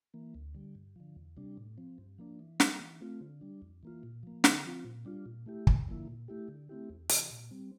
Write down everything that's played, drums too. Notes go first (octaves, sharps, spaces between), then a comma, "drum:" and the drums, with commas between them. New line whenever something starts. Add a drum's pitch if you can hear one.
E3 A#3
D2
D3 G3
G2
D3 F3
E2
C3 G3 D4
A2
F3 C4
G2
F3 A#3 D4
E3
G3 A#3 D4, drum: snare
E3
A3 C4 F4
D3
G3 D4
F2
E3 A#3 F4
A#2
F3 A#3
D3, drum: snare
F3 C4 F4
A#2
G3 D4 F4
A#2
A3 E4 G4
D2, drum: kick
D3 F3 A#3 E4
A#2
A3 E4 G4
D3
A3 C4 E4 G4
E2
C3 E3, drum: hi-hat
A#2
G3 C4